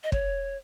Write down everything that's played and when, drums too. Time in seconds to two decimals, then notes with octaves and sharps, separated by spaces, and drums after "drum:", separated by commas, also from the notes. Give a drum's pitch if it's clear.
0.04 D#5
0.12 C#5, drum: kick